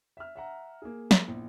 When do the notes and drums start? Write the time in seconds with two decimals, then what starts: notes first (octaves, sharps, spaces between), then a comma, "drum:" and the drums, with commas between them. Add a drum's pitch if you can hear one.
0.17 E5 F6
0.36 E5 F#5 A#5
0.82 A#3 G#4
1.11 drum: snare
1.28 A#1 E2